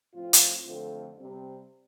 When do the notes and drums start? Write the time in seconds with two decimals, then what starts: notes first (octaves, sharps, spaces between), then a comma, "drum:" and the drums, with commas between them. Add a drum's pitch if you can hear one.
0.13 A2 F3 C4 F4
0.33 drum: hi-hat
0.65 F2 D3 A3 C4 F4
1.17 C3 G3 C4